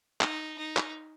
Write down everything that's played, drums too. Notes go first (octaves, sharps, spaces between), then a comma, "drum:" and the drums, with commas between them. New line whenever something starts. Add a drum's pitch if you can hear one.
D#4, drum: clap
D#4
drum: clap